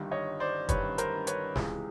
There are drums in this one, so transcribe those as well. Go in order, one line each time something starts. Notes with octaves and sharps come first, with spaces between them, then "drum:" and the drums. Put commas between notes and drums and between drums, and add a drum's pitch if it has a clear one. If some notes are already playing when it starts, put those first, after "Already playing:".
Already playing: G1 G2 D#3 G3
C#5 D#5
C5 D5
G1 G2 D#3 G3 B4 C#5, drum: kick, hi-hat
A#4 C5, drum: hi-hat
B4 C#5, drum: hi-hat
C#2 C3 E3 G#3, drum: snare